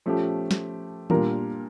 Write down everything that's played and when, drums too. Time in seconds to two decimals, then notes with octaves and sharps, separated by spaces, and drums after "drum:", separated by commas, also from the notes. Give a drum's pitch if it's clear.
0.06 F3 A3 C#4 G4
0.51 drum: snare
1.10 A#2 G3 D4 F4 A#4, drum: tom D#3